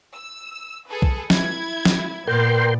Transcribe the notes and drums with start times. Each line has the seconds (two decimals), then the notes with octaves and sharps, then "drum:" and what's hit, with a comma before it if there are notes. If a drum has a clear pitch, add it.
0.15 E6
0.88 G#4 A4 B4
1.02 drum: kick B1
1.30 E4 G#6, drum: snare
1.85 drum: snare
2.28 A#2 B3 A#4 D5 G5 C6